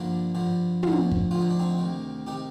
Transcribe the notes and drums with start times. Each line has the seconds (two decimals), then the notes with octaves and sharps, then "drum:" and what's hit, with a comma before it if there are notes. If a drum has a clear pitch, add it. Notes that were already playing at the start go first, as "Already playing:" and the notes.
Already playing: G2 D3 F3 A#3 D4
0.35 G2 D3 F3
0.83 D2 D3 F3, drum: tom
1.12 drum: kick
1.31 D2 D3 F3 F4
1.41 D#4
1.51 D4
1.59 C4 D#4
1.78 D2 C3 D#3
2.27 C3 D#3 D#4 G4